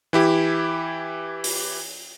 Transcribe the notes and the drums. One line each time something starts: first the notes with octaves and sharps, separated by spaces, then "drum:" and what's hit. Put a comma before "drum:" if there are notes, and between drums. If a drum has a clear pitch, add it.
E3 E4 G4
drum: open hi-hat